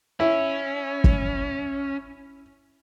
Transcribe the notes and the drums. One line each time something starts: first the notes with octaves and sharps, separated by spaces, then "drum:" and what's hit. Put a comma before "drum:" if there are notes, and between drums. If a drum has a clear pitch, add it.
C#4 E4
drum: kick